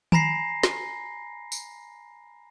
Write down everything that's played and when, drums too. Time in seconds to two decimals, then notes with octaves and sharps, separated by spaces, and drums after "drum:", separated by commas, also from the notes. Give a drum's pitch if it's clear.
0.12 G#5 A#5 B5 A#6 C7, drum: tom D#3
0.63 drum: snare
1.52 drum: tambourine